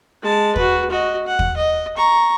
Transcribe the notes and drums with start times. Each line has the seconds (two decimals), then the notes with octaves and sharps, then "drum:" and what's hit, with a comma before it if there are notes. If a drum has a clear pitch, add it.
0.22 G#3 A5
0.56 F#4 B4, drum: kick
0.91 F#4 D#5
1.27 F#5
1.39 drum: kick
1.56 D#5
1.97 A#5 C#6